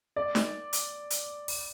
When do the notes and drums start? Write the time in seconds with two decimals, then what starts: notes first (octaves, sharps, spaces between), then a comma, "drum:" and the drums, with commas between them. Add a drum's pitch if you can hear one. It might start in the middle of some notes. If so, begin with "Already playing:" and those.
0.16 D5
0.35 drum: snare
0.73 drum: hi-hat
1.10 drum: hi-hat
1.48 drum: open hi-hat